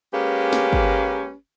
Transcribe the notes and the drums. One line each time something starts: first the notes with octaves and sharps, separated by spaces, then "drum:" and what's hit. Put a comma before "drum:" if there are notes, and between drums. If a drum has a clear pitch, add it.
G#3 A#3 C#4 G4 B4
drum: snare
drum: kick